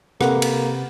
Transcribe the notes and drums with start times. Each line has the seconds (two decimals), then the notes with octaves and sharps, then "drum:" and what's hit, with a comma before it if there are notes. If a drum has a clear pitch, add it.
0.21 C3 A#3 A4 B4 F#5, drum: rim click
0.42 drum: cymbal